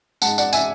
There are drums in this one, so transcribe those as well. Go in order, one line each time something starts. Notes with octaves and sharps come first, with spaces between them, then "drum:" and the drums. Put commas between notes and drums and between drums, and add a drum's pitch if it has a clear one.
G#2 G#3 F#5 A5, drum: tambourine
D5 F#5, drum: tambourine
E5 G#5, drum: tambourine